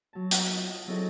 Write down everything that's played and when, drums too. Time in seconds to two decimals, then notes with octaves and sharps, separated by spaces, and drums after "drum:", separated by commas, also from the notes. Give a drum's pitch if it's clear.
0.13 F#3 A5
0.31 drum: hi-hat
0.55 F4 D#5 D#6
0.87 F#3 C4 E4 G#4 A4 D#5